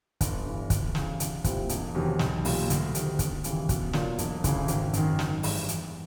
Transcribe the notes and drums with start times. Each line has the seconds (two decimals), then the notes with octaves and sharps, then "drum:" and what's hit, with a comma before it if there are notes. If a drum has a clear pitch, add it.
0.21 G1, drum: kick, hi-hat
0.46 G2 E3
0.70 D2, drum: kick, hi-hat
0.95 C#3 E3, drum: snare
1.20 C2, drum: hi-hat
1.44 A#2 G3 C4 E4, drum: kick, hi-hat
1.69 E1, drum: hi-hat
1.95 E2 C3 D#3 F#3
2.19 B1, drum: snare
2.45 A#2 G3, drum: open hi-hat
2.70 D2, drum: hi-hat
2.95 C3 D#3, drum: hi-hat
3.19 E1, drum: kick, hi-hat
3.44 D#2 C#3 E3 G3, drum: hi-hat
3.69 B2, drum: kick, hi-hat
3.93 F#3 A#3 D4 F4, drum: snare
4.18 E1, drum: hi-hat
4.44 D2 C#3 E3, drum: kick, hi-hat
4.68 G#1, drum: hi-hat
4.93 F#2 D#3, drum: hi-hat
5.19 G#1, drum: snare
5.43 G2 E3 G#3, drum: open hi-hat
5.69 E2, drum: hi-hat